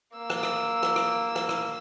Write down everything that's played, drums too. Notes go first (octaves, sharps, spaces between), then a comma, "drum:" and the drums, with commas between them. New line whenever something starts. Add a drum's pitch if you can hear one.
A#3 E6
drum: rim click
drum: rim click
drum: rim click
drum: rim click
drum: rim click
drum: rim click